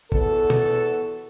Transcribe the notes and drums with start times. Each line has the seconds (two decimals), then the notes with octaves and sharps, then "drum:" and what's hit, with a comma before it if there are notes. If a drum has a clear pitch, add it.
0.12 E2 B3 F#4 A4, drum: kick
0.50 drum: tom B2